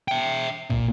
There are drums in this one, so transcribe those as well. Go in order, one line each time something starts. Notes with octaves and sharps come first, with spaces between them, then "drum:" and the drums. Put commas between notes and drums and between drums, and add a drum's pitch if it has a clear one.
E5 G5
A#2, drum: kick